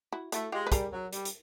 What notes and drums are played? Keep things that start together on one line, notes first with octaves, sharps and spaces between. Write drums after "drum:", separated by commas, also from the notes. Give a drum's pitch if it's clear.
E4 F#4
A3 E4 F#4, drum: hi-hat
G#3 F4 G4
B4
G3 G#4 A#4, drum: kick, hi-hat
F#3
G3, drum: hi-hat
drum: hi-hat